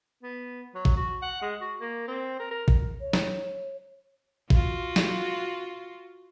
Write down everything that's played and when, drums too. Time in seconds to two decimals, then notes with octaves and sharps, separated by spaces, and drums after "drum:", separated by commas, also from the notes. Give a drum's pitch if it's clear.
0.23 B3
0.75 F#3
0.85 drum: kick
0.97 F#4
1.22 F#5
1.42 G#3
1.61 F#4
1.81 A#3
2.08 C4
2.39 A#4
2.51 A#4
2.68 drum: kick
3.01 C#5
3.13 drum: snare
4.50 F4 F#4, drum: kick
4.96 drum: snare